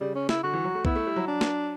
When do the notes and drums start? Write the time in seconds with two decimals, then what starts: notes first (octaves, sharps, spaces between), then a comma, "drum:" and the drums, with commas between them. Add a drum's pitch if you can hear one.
0.01 C#3 G3
0.15 C#4
0.29 E4, drum: snare
0.43 D3 F#4
0.53 E3
0.64 F#3
0.75 A3
0.85 B3 E4, drum: kick B1
0.96 A3
1.07 G3
1.16 F#3
1.27 D4
1.41 drum: snare